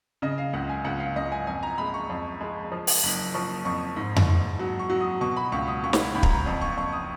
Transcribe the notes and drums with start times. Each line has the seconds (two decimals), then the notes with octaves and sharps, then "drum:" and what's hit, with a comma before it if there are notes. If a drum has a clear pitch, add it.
0.22 C#3 D#5
0.38 F5
0.53 C#2 F#5
0.69 G#5
0.85 C#2 F#5
1.00 F5
1.16 C#2 D#5
1.32 G#5
1.47 F2 G#5
1.63 A#5
1.78 G#3 B5
1.94 C#6
2.10 F2
2.41 G#3
2.72 F3
2.87 drum: open hi-hat
3.03 F#1
3.34 F3 C#6
3.65 F2 C#6
3.96 G#2
4.16 drum: tom F2
4.28 G#2
4.59 F#3
4.79 C#6
4.90 F#3
5.01 D#6
5.21 B2 C#6
5.37 B5
5.52 C#2 C#6
5.68 D#6
5.83 C#2 C#6
5.93 drum: snare
6.15 C#2 B5
6.23 A#5, drum: kick
6.30 B5
6.46 F2
6.61 C#6
6.77 F2 C#6
6.93 D#6